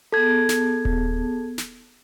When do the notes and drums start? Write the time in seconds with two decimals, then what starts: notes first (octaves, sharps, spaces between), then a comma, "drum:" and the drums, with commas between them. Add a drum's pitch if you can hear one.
0.12 B3 G#4 A4 A5 G#6
0.49 drum: snare
0.85 drum: kick D#1
1.58 drum: snare